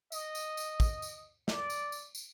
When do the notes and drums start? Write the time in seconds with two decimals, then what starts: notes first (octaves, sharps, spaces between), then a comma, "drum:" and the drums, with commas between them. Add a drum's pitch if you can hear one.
0.12 D#5, drum: tambourine
0.35 drum: tambourine
0.57 drum: tambourine
0.80 drum: kick, tambourine
1.02 drum: tambourine
1.48 D5, drum: snare
1.70 drum: tambourine
1.92 drum: tambourine
2.15 drum: tambourine